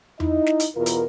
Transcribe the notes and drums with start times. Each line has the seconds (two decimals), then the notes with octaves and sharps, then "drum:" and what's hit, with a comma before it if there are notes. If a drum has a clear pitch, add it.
0.20 D#4 E4 D#5, drum: tom E2
0.46 drum: snare
0.60 drum: hi-hat
0.76 E2 B2 F4 A#4
0.86 drum: hi-hat